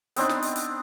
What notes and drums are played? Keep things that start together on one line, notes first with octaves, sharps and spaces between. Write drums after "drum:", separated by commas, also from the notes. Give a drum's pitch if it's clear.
B3 C4 D4 D#4, drum: hi-hat
drum: snare
drum: hi-hat
drum: hi-hat